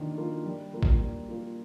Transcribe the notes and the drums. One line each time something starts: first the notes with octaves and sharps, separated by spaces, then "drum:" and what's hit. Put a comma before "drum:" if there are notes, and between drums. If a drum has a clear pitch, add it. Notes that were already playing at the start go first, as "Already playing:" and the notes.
Already playing: D#3 A#3 D4 F4
A#3 D4 F4
G3
A#3 F4
drum: kick
G3
A#3 F4